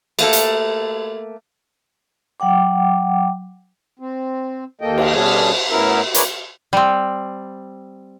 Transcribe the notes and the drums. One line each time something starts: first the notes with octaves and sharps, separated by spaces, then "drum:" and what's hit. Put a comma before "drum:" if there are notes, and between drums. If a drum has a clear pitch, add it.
A3 A#3 A4, drum: cymbal
drum: hi-hat
F#3 F#5 G5 D6
C4
D#2 A#3 A4 D#5 G5
drum: cymbal
B2 G3 C#4 D4 G#4 A4
A2 B3 C#4 E4 A#4 E5
E4 G#4 A#4 B4 C#5 D5, drum: hi-hat
G3 C4